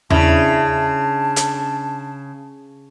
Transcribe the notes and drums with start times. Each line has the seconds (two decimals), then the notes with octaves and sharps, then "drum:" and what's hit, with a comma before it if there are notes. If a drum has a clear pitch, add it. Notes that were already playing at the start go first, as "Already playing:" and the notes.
0.10 C#3 D4 E4 A5, drum: tom E2
1.36 drum: hi-hat